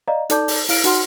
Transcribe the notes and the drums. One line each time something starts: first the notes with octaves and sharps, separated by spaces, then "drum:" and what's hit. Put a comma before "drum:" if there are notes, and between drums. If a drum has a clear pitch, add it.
D5 D#5 F5 A#5
D#4 A4 D5 A5 D6 G6, drum: hi-hat
drum: open hi-hat
E4 F5 F6 D7, drum: open hi-hat
D#4 F#4 F#5 C6 F6, drum: hi-hat